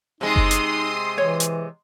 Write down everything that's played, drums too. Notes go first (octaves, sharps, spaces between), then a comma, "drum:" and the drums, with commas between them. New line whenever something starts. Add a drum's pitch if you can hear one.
C3 G#3 D#4 C6 D#6
drum: kick F#1
drum: hi-hat
E3 C#5
drum: hi-hat